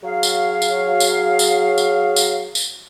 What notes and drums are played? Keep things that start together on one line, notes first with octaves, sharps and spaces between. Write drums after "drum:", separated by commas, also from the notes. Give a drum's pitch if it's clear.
F#3 G#4 F5
drum: tambourine
drum: tambourine
drum: tambourine
drum: tambourine
drum: tambourine
drum: tambourine
drum: tambourine